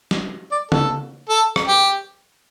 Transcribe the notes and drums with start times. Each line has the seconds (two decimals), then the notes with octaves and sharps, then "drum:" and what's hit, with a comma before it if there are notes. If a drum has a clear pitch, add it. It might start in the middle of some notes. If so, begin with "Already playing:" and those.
0.11 drum: snare
0.52 D5
0.72 A4, drum: tom C#3
1.29 A4
1.56 drum: rim click
1.67 G4